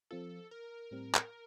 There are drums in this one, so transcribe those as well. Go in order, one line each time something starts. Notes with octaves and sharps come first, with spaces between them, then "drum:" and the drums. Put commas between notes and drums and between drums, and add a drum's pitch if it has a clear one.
F3 C4 F4 A4
A#4
A2 G3 C4
drum: clap